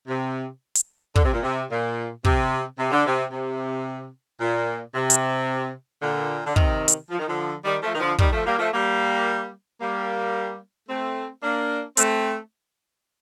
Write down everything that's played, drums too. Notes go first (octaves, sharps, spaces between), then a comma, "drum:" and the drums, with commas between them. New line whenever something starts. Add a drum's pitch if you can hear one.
C3
drum: hi-hat
D3, drum: kick
C3
A#2
C3
A#2
C3, drum: kick
C3
D3
C3
C3
A#2
C3
drum: hi-hat
A#2 D3
D3
C3 D#3, drum: kick
drum: hi-hat
F3
D#3
D3 F3
D#3 G3
F3 A3
D#3
D3 F3
D#3 G3, drum: kick
F3 A3
G3 A#3
F3 A3
G3 A#3
G3 A#3
A3 C4
A#3 D4
A3 C4, drum: hi-hat